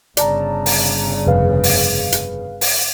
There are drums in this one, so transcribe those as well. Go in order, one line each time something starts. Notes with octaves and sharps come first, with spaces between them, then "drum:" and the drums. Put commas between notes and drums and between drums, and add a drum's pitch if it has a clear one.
G1 C#3 D5 A5 A#5, drum: hi-hat
drum: open hi-hat
F1 G#4 B4 F5
drum: open hi-hat
drum: hi-hat
drum: open hi-hat